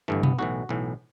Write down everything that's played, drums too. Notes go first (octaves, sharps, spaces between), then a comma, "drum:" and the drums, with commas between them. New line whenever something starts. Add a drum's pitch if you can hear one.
G1 G2 E3 A3
B3, drum: tom B2
B1 A2 E3 F#4
B1 A2 E3